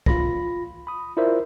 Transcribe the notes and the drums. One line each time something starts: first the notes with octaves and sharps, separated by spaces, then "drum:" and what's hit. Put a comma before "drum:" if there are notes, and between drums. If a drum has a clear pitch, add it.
F4 B5 A#6, drum: kick C2
B5 D#6
E4 F4 A#4 C5 D5 E5